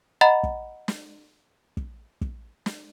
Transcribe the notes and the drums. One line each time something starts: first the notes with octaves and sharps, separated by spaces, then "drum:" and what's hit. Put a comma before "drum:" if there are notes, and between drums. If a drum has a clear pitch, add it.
D#5 F#5 A#5 B5 A6
drum: kick
drum: snare
drum: kick
drum: kick
drum: snare